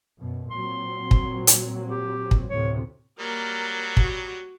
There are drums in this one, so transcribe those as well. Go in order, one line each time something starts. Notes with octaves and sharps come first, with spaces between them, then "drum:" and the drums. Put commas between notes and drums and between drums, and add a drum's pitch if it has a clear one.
F#2 B2
A#2 F#3 C4 C6
drum: kick
drum: hi-hat
G4
drum: kick
D2 A2 C3 C#5
F#3 G3 A#3 A#4
F#4, drum: kick